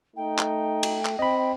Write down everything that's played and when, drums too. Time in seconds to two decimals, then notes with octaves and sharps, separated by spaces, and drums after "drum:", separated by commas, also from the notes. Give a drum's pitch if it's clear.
0.16 A3 D#4 G5
0.38 drum: clap
0.83 drum: cymbal
1.05 drum: clap
1.19 C4 D#5 B5